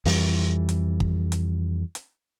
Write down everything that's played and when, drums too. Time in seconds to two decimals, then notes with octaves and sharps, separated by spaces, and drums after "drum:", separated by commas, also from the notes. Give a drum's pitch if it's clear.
0.05 F2 E3 G3, drum: open hi-hat
0.69 drum: hi-hat
1.00 drum: kick
1.32 drum: hi-hat
1.95 drum: hi-hat